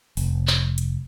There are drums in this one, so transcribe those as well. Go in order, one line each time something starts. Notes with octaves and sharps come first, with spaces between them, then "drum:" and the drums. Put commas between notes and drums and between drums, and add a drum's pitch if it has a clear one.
F1, drum: open hi-hat
drum: clap
drum: hi-hat